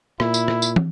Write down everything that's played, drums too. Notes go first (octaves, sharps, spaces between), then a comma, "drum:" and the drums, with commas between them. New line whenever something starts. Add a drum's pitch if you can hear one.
A#2 E4, drum: rim click
drum: tambourine
drum: rim click
drum: tambourine
drum: tom